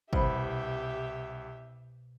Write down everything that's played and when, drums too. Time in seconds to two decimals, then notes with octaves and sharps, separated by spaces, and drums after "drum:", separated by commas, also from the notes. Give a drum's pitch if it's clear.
0.13 C2 B2 G4 C5 E5 B5, drum: kick